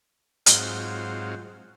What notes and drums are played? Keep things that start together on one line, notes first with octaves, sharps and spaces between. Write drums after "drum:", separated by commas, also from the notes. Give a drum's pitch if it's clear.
G#2 F#3 C4 F4, drum: hi-hat